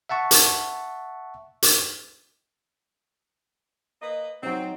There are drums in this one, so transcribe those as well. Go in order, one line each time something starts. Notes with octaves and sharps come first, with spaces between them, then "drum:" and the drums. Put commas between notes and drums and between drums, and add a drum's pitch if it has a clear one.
E5 F#5 A5 C#6
drum: hi-hat
drum: hi-hat
A#3 B4 D#5
F#3 C4 D#4